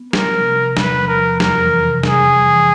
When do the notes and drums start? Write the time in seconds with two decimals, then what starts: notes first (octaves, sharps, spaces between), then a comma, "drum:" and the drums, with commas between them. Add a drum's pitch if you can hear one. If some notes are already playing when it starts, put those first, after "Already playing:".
Already playing: B3
0.13 F3 A#4, drum: snare
0.35 C3
0.56 C3
0.77 E2 B4, drum: snare
0.98 F3
1.08 A#4
1.19 F3
1.40 F2 A#4, drum: snare
1.61 E3
1.82 C3
2.03 G3 G#4, drum: snare
2.24 G3
2.46 E3